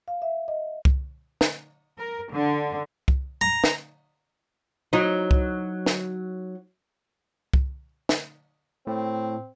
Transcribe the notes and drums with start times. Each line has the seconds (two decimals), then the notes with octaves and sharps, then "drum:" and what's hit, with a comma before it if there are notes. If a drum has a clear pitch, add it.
0.08 F5
0.22 E5
0.48 D#5
0.85 drum: kick C2
1.41 drum: snare
1.98 A#4
2.32 D3
3.08 drum: kick C2
3.41 A#5
3.64 drum: snare
4.93 F#3 D#4
5.31 drum: kick C2
5.86 drum: snare
7.54 drum: kick C2
8.09 drum: snare
8.87 A2 C4